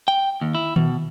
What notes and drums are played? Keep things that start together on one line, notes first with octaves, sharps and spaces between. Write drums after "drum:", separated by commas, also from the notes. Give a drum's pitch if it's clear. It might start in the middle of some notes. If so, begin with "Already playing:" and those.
G5
D#2
E4
B2, drum: tom D#3